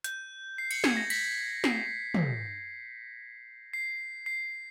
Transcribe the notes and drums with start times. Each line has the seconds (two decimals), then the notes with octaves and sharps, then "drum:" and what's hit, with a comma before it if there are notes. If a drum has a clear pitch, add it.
0.04 G6, drum: hi-hat
0.58 C7
0.71 C#7, drum: cymbal
0.84 G#6, drum: snare
0.97 A#6
1.10 B6, drum: cymbal
1.64 C7, drum: snare
2.14 drum: tom
3.74 C7
4.26 C7